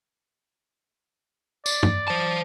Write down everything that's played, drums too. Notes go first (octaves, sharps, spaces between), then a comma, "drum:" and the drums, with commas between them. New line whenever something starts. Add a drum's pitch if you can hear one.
D5, drum: tambourine
drum: tom
C5 A5